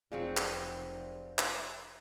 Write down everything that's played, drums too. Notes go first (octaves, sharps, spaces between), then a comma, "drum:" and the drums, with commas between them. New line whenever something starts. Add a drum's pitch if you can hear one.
F1 C3 F#3 C4 F4 G#4 D5
drum: clap
drum: clap